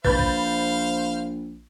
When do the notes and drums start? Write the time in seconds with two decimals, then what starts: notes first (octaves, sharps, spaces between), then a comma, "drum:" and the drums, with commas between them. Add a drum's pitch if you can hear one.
0.05 A#1 B4 C5 F5 B5 G6 A6, drum: kick
0.19 drum: kick